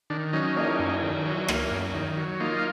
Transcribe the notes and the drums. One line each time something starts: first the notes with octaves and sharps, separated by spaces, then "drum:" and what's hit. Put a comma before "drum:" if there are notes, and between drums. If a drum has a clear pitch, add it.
D#3 D4
F#3 C#4 D#4
A#3, drum: cymbal
F#2
D#3
F#3
A#3, drum: rim click
F#2
D#3
F#3
A#3 D#4 F4